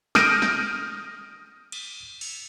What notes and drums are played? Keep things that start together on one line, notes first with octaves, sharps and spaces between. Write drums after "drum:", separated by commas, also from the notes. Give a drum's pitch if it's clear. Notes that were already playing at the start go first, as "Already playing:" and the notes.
D#6 F6 G6 A#6 D7 D#7, drum: snare
drum: snare
drum: cymbal
drum: cymbal